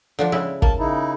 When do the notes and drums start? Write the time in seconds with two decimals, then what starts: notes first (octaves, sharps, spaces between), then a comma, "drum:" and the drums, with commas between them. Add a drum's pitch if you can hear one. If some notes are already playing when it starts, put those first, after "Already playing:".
0.19 D3 F3 D4
0.32 C#3 G#3 E4
0.62 A#3 A5, drum: kick
0.79 C#3 D#4 E4